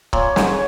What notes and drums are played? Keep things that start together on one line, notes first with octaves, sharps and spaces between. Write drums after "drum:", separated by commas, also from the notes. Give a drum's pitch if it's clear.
A#2 C#5, drum: kick
G#2, drum: snare